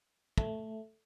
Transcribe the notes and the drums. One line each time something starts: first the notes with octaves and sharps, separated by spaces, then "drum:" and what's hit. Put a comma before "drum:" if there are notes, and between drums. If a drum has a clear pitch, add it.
A3, drum: kick